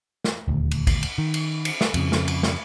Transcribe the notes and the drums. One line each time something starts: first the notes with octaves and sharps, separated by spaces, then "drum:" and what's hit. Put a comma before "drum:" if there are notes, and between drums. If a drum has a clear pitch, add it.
drum: snare
D#1 D2
drum: cymbal
drum: kick A1, cymbal
drum: cymbal
D#3
drum: cymbal
drum: cymbal
drum: snare
F2 C#3, drum: cymbal
drum: snare
drum: cymbal
drum: snare